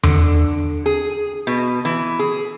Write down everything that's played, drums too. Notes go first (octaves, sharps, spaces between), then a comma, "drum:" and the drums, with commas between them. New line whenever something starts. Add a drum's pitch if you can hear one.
D3, drum: tom E2
G#4
B2
E3
G#4